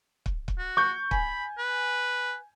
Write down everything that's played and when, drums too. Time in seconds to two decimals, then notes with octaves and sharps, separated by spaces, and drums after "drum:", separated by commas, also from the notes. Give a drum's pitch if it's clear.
0.26 drum: kick
0.48 drum: kick
0.58 F#4
0.77 C#6 G6
1.11 G#5 B5, drum: kick
1.58 B4